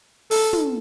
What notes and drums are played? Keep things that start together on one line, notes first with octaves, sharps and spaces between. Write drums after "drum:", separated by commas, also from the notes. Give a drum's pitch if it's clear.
A4, drum: open hi-hat
drum: tom